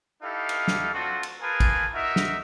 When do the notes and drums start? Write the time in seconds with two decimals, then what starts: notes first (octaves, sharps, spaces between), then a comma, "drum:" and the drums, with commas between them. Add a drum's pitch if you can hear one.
0.23 D#4 E4 G4 A4 F5
0.49 drum: cymbal
0.68 drum: snare
0.93 A3 C4 D4 F4 F#4
1.23 drum: cymbal
1.42 F4 G#4 A#4 B4 G#5 A5
1.60 drum: kick, cymbal
1.94 D#4 F#4 A#4 E5
2.16 drum: snare